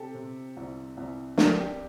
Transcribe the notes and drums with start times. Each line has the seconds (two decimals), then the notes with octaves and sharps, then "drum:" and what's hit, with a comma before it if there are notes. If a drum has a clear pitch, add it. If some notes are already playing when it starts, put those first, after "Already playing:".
Already playing: C3 G4 A4
0.15 C3
0.57 C2
0.97 C2
1.38 D4 A#4, drum: snare
1.59 G4